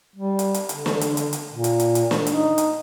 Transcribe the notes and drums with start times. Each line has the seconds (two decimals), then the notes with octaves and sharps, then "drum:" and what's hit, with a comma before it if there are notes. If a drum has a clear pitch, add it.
0.16 G3
0.39 drum: hi-hat
0.54 drum: hi-hat
0.69 D3, drum: hi-hat
0.86 drum: snare
1.01 drum: hi-hat
1.17 drum: hi-hat
1.33 drum: hi-hat
1.53 A#2
1.64 drum: hi-hat
1.80 drum: hi-hat
1.95 drum: hi-hat
2.11 drum: snare
2.27 D#4, drum: hi-hat
2.58 drum: hi-hat